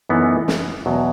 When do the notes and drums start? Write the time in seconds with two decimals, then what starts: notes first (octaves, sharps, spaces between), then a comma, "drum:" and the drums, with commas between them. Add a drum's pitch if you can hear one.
0.09 F#2 E3 B3 D#4 A4
0.48 drum: snare
0.86 E2 B2 F#3